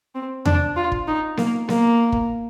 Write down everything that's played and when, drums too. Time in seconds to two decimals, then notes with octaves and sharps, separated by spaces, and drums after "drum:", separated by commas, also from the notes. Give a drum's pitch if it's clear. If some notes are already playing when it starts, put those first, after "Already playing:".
0.15 C4
0.45 D4, drum: tom E2
0.76 F4
0.92 drum: kick
1.07 D#4
1.37 A#3, drum: snare B3
1.69 A#3, drum: snare B3
2.12 drum: kick